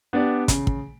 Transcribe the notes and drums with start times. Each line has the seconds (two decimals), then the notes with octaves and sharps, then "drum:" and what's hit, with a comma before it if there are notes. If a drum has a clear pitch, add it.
0.13 B3 D4 G4 D5
0.48 C#3, drum: kick, hi-hat
0.67 drum: kick